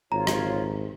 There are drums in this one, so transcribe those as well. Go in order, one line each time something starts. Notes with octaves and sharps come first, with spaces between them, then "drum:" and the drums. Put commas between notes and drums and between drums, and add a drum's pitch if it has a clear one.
G#1 F4 C#5 A#5
drum: rim click